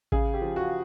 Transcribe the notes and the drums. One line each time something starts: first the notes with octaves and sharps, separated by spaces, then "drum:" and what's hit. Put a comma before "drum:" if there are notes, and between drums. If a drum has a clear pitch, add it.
C#3 G#4, drum: kick A1
G4
F3
F#4